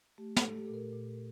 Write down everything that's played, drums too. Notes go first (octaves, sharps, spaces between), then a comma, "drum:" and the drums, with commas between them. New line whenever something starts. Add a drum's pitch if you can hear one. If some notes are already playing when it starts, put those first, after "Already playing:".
A3 G4
A4, drum: snare
A3
G4
A#2 A4
A#4
A#2